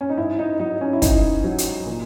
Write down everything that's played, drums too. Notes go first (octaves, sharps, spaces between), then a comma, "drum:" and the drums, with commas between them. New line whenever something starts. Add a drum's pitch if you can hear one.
C#4
D#4
G#2 E4
D#4
F#3 D#4
C#4
E4
G#2 D#4, drum: kick, hi-hat
F#3
drum: hi-hat
A#2